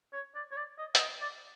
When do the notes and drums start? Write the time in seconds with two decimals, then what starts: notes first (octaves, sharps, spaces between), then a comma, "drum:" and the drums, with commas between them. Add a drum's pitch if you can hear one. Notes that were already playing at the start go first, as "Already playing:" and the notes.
0.13 C#5
0.35 D5
0.52 C#5
0.56 D5
0.78 D#5
0.95 E5, drum: hi-hat
0.99 D#5
1.21 D5